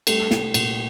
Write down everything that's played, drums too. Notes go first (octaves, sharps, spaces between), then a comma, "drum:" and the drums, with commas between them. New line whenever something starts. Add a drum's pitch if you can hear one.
G3 A3, drum: cymbal
C2, drum: snare
A#2, drum: cymbal